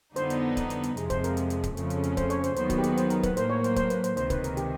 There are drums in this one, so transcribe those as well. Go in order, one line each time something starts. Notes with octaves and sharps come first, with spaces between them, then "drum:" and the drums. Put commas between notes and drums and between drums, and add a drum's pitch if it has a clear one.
F2 D3 G3 B3 D#4 C5, drum: hi-hat
drum: hi-hat
drum: kick C#1, hi-hat
drum: hi-hat
drum: hi-hat
F2 C3 F3 G#3, drum: hi-hat
C5, drum: kick C#1, hi-hat
A#4, drum: hi-hat
drum: hi-hat
drum: hi-hat
drum: kick C#1, hi-hat
F2 C#3 F3 A3 C#4, drum: hi-hat
drum: hi-hat
drum: hi-hat
C5, drum: kick C#1, hi-hat
C#5, drum: hi-hat
C5, drum: hi-hat
D#2 D#3 F#3 B3 C5, drum: hi-hat
F#4, drum: kick C#1, hi-hat
G4
G#4, drum: hi-hat
C5, drum: hi-hat
A#4, drum: hi-hat
B4, drum: kick C#1, hi-hat
A2 F#3 A#3 C5, drum: hi-hat
C#5
C5, drum: hi-hat
C5, drum: kick C#1, hi-hat
B4, drum: hi-hat
C5, drum: hi-hat
C#2 C3 D#3 C5, drum: hi-hat
B4, drum: kick C#1, hi-hat
A#4, drum: hi-hat
G4, drum: hi-hat